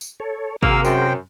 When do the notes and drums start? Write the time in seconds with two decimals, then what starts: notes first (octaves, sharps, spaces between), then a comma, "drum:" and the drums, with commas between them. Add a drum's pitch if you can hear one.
0.01 drum: tambourine
0.20 A4 C#5
0.63 C3 A#3 F#4 G#4 A#4 F5 E6, drum: kick
0.85 F#2 C5 G5, drum: tambourine